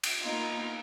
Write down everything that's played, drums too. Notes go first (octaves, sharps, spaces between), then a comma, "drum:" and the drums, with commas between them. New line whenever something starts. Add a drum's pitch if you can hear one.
drum: cymbal
A#3 B3 D#4 F4